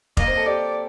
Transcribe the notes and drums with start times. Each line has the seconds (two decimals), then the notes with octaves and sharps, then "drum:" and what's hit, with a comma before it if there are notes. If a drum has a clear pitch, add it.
0.17 A#3 A#4 D#5, drum: kick F1
0.27 C4 C5
0.37 A4
0.46 G4 D5